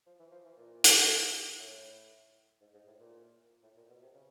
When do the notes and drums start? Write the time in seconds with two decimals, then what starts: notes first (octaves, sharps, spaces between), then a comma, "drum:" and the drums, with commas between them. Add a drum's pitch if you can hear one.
0.06 F3
0.20 E3
0.31 F3
0.45 E3
0.57 A#2
0.84 drum: hi-hat
1.59 A2
2.61 G#2
2.74 G#2
2.87 A2
3.00 A#2
3.63 A2
3.77 A#2
3.89 B2
4.02 C3
4.14 C#3